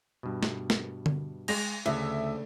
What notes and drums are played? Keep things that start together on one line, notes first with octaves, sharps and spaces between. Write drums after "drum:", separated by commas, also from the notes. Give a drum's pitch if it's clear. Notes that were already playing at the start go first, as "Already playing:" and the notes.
G2 B2
drum: snare
drum: snare
drum: tom D3
G#3 A#6 F7, drum: cymbal
D2 C#3 E5